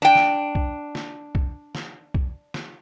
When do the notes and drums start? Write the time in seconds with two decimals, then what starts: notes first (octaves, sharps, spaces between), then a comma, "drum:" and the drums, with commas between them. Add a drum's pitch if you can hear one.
0.02 D4 G5
0.15 drum: snare
0.55 drum: kick
0.95 drum: snare
1.35 drum: kick
1.75 drum: snare
2.14 drum: kick
2.54 drum: snare